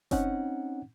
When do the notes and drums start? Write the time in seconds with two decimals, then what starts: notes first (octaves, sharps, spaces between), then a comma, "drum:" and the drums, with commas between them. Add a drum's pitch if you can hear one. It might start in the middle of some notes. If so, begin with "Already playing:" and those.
0.11 C4 C#4 D#4 F#5, drum: kick F#1, hi-hat